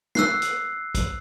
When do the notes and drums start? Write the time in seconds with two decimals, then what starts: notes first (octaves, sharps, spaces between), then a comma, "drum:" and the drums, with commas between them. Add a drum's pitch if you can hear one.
0.15 E6 F#6 C7, drum: snare
0.42 drum: hi-hat
0.95 drum: kick, hi-hat